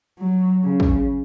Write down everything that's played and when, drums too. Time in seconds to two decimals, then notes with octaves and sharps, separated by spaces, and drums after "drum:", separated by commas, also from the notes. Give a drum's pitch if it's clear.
0.18 F#3
0.64 C#3
0.80 drum: kick